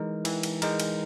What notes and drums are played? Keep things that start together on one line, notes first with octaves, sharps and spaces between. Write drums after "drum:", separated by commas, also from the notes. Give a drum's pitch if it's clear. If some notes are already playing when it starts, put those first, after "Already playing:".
Already playing: E3 G#3 D#4 A#4
E3, drum: cymbal
drum: cymbal
G#3 D#4 A#4, drum: cymbal
drum: cymbal